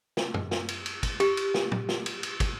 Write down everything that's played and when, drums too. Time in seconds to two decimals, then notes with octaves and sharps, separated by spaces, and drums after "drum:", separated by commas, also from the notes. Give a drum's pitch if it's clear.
0.17 drum: snare
0.34 drum: tom F#2
0.51 drum: snare
0.69 drum: cymbal
0.86 drum: cymbal
1.03 drum: kick, cymbal
1.20 G4, drum: cymbal
1.37 drum: cymbal
1.54 drum: snare
1.72 drum: tom
1.89 drum: snare
2.06 drum: cymbal
2.23 drum: cymbal
2.40 drum: kick, cymbal